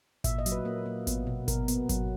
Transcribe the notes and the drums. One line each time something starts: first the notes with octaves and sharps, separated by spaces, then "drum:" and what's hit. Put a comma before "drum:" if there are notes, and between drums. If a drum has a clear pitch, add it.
A#2 E5, drum: kick G#1, hi-hat
D#5
F#3, drum: hi-hat
B4
A#3
A#3
B3, drum: kick G#1, hi-hat
B2
B2 A#4, drum: kick G#1, hi-hat
B3, drum: hi-hat
F#3, drum: kick G#1, hi-hat